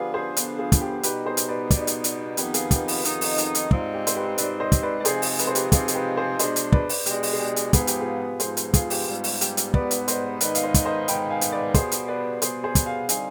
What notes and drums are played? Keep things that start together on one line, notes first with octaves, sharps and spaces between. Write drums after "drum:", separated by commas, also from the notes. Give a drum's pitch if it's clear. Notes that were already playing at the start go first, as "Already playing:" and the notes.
Already playing: D3 F3 B3 D4 F4 G4 G#4 B4
G#4 C5
D3 F3 B3 D4, drum: hi-hat
F4 G#4
F4, drum: kick, hi-hat
G4
B2 G3 B3 D#4 G4 B4, drum: hi-hat
G#4 C5
drum: hi-hat
B4 D5
B2 G3 B3 D#4 B4 D5, drum: kick, hi-hat
drum: hi-hat
drum: hi-hat
F2 D#3 B3 D#4 G4 B4, drum: hi-hat
F4 G#4, drum: hi-hat
G4, drum: kick, hi-hat
F4, drum: open hi-hat
F2 D#3 B3 D#4, drum: hi-hat
drum: open hi-hat
drum: hi-hat
drum: hi-hat
G#2 G3 C4 D#4 F4, drum: kick
G4
C5, drum: hi-hat
G4 B4
G#2 G3 C4 D#4 B4 D5, drum: hi-hat
C5 D#5
drum: kick, hi-hat
B4 D5
D5
C3 F3 G#3 C4 D#4 G#4 C5, drum: hi-hat
drum: open hi-hat
B4, drum: hi-hat
C5
G4 B4, drum: hi-hat
C3 F3 G#3 C4 D#4 F4 G#4, drum: kick, hi-hat
G#4, drum: hi-hat
G4 B4
G#4 C5
B2 G#3 D4 C5 D#5, drum: hi-hat
drum: hi-hat
B4 D5, drum: kick
drum: open hi-hat
B2 G#3 D4 G4, drum: hi-hat
drum: open hi-hat
G#4
G4
drum: hi-hat
G#2 F3 B3 G#4, drum: kick, hi-hat
G4, drum: hi-hat
F4 G#4
G#2 F3 B3 G#4 C5, drum: hi-hat
drum: hi-hat
F4 G#4, drum: kick, hi-hat
G4, drum: open hi-hat
G#2 G3 B3 F4
drum: open hi-hat
G4, drum: hi-hat
drum: hi-hat
G#2 G3 B3 B4 D5, drum: kick
drum: hi-hat
C5 D#5, drum: hi-hat
G#2 D#3 B3 D#4 B4 D5, drum: hi-hat
F5, drum: hi-hat
C5 D#5
drum: kick, hi-hat
C5 D#5
G#2 D#3 B3 D#4 G5 B5, drum: hi-hat
F5 G#5
drum: hi-hat
B4 D5
B2 G3 B3 G#4 C5, drum: kick, hi-hat
drum: hi-hat
B4 D5
B2 G3 B3 G#4 C5, drum: hi-hat
G#4 C5
drum: kick, hi-hat
F5 G#5
D3 G3 C4 D#4 F5 G#5, drum: hi-hat